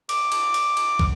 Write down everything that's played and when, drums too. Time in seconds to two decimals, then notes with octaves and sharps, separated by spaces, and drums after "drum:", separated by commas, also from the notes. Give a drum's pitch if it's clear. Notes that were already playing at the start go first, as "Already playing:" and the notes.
0.09 D6, drum: cymbal
0.32 drum: cymbal
0.54 drum: cymbal
0.77 drum: cymbal
0.99 drum: kick